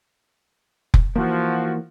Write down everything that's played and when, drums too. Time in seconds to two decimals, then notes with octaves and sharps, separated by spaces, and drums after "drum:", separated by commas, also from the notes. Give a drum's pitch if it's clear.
0.94 drum: kick F1
1.16 E3 F3 A#3 F#4